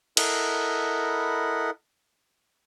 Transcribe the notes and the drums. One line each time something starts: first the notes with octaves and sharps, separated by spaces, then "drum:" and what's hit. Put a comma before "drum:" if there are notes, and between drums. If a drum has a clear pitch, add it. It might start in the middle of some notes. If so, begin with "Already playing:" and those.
E4 A4 A#4 D#5 F#5 B5, drum: cymbal